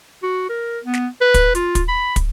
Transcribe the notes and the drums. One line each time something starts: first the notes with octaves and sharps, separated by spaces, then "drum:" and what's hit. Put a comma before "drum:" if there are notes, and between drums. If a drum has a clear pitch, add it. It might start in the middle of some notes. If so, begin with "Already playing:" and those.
F#4
A#4
B3
drum: snare
B4
drum: kick, hi-hat
F4, drum: hi-hat
drum: kick, hi-hat
B5
drum: kick, hi-hat